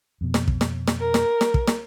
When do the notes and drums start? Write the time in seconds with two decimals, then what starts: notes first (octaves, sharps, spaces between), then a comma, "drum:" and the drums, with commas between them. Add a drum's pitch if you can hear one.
0.21 F2 B2
0.34 drum: snare
0.48 drum: kick
0.61 drum: snare
0.88 drum: snare
0.99 A#4
1.14 drum: snare
1.41 drum: snare
1.54 drum: kick
1.68 drum: snare